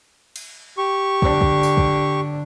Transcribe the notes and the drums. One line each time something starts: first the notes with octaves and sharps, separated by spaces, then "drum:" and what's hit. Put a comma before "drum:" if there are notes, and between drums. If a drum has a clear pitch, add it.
drum: cymbal
G4 C#6
D3 D4, drum: kick
drum: kick
drum: tambourine
drum: kick